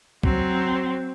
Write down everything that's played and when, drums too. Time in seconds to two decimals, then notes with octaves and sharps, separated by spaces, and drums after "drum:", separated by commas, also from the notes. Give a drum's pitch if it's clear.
0.23 F#3 C4, drum: kick